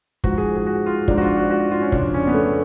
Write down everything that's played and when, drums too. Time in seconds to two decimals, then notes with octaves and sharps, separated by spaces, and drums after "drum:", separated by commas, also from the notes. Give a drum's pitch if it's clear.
0.24 G#2 F3 F#4, drum: kick
0.38 G#4
0.57 G#4
0.66 F#4
0.86 F4
1.08 G#2 F3 D4, drum: kick
1.17 F#4
1.21 F4
1.37 F#4
1.51 F#4
1.71 F4
1.81 C#4
1.92 F2 C#3 F3 D4, drum: kick
2.14 C#4
2.27 B3
2.34 A3